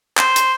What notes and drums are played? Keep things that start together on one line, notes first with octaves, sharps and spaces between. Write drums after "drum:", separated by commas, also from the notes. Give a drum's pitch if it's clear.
C5, drum: clap
drum: hi-hat